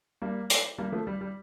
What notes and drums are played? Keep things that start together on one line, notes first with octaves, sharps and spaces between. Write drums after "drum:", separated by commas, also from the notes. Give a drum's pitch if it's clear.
G3 A#3
drum: hi-hat
G3 A#3
F3 A3
G3
G3